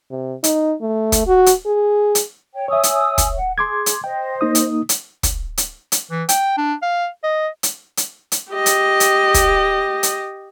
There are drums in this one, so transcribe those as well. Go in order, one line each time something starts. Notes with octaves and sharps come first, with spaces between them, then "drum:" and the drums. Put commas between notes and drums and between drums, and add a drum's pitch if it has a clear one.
C3
D#4, drum: hi-hat
A3
drum: kick, hi-hat
F#4
drum: hi-hat
G#4
drum: hi-hat
C#5 G5
C#5 E5 G#5 D#6 E6
drum: hi-hat
drum: kick, hi-hat
F#5
G#4 C6 D6 G#6
drum: hi-hat
C5 D#5 G5
A#3 D#4 D#6
drum: hi-hat
drum: hi-hat
drum: kick, hi-hat
drum: hi-hat
drum: hi-hat
E3
G5, drum: hi-hat
D4
F5
D#5
drum: hi-hat
drum: hi-hat
drum: hi-hat
G4 D#5
drum: hi-hat
drum: hi-hat
drum: kick, hi-hat
drum: hi-hat